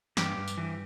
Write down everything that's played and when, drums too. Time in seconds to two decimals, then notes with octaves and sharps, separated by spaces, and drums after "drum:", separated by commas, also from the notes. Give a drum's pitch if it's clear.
0.17 G2 G4, drum: snare
0.38 G2
0.48 drum: tambourine
0.58 E3